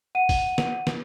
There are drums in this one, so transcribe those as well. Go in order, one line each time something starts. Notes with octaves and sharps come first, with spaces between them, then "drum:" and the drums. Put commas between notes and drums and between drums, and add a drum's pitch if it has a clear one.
F#5 D#7
drum: kick, open hi-hat
drum: snare
drum: snare